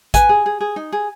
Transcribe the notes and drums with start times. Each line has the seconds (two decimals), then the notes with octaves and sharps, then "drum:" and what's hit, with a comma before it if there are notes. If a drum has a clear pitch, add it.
0.14 B4 G#5, drum: kick, hi-hat
0.29 G#4
0.46 G#4
0.61 G#4
0.76 D#4
0.92 G#4